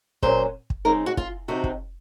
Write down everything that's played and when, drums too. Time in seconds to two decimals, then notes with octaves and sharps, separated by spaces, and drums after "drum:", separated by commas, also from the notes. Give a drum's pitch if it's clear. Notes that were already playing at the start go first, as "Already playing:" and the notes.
0.22 A#2 F#3 C#4 C5, drum: kick
0.70 drum: kick
0.85 C#3 G#3 C4 D#4 A#4
1.06 F#4
1.17 F4, drum: kick
1.48 C3 F3 C4 D#4 F#4
1.64 drum: kick